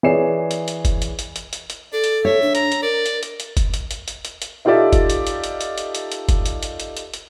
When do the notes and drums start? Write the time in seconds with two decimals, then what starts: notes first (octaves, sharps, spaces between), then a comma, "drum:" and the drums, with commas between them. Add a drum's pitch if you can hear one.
0.03 E3 G#4 C#5 D5 C7 E7
0.51 drum: hi-hat
0.68 drum: hi-hat
0.85 drum: kick, hi-hat
1.02 drum: hi-hat
1.19 drum: hi-hat
1.36 drum: hi-hat
1.53 drum: hi-hat
1.70 drum: hi-hat
1.93 A4 D5
2.04 drum: hi-hat
2.25 C#5 E5
2.42 D4
2.55 A#5, drum: hi-hat
2.72 drum: hi-hat
2.82 A#4 D5
3.06 drum: hi-hat
3.23 drum: hi-hat
3.40 drum: hi-hat
3.57 drum: kick, hi-hat
3.74 drum: hi-hat
3.91 drum: hi-hat
4.08 drum: hi-hat
4.25 drum: hi-hat
4.42 drum: hi-hat
4.65 D#4 F4 G4 A4 D5 E5
4.93 drum: kick, hi-hat
5.10 drum: hi-hat
5.27 drum: hi-hat
5.44 drum: hi-hat
5.61 drum: hi-hat
5.78 drum: hi-hat
5.95 drum: hi-hat
6.12 drum: hi-hat
6.29 drum: kick, hi-hat
6.46 drum: hi-hat
6.63 drum: hi-hat
6.80 drum: hi-hat
6.97 drum: hi-hat
7.14 drum: hi-hat